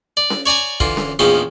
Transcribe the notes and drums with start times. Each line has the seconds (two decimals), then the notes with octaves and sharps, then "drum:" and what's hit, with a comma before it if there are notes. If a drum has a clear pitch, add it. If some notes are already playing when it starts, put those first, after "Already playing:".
0.17 D5
0.30 drum: snare C#4
0.46 C#5 D5 G#5 A#5
0.80 D3 E3 F4, drum: kick
0.97 drum: snare C#4
1.19 A#1 E2 D#3 F3 C#4